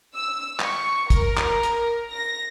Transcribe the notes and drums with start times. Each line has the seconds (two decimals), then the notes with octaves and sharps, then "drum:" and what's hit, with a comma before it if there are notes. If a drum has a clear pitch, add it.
0.15 E6
0.60 C#6, drum: clap
1.10 A#4, drum: kick, hi-hat
1.38 drum: clap
1.63 drum: hi-hat
2.12 A#6